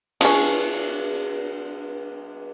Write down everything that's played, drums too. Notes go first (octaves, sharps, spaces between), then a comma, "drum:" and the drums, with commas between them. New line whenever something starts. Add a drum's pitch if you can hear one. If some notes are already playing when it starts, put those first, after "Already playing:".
F3 C#4, drum: cymbal